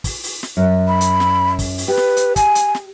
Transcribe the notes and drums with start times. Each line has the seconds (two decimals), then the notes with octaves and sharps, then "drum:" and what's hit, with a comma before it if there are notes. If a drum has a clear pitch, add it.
0.04 drum: kick, open hi-hat
0.23 drum: open hi-hat
0.43 drum: snare
0.57 F#2
0.88 B5
1.01 drum: hi-hat
1.20 drum: snare
1.59 drum: kick, open hi-hat
1.78 drum: open hi-hat
1.88 G4 B4
1.97 drum: snare
2.17 drum: hi-hat
2.36 G#5, drum: kick, hi-hat
2.55 drum: hi-hat
2.75 drum: snare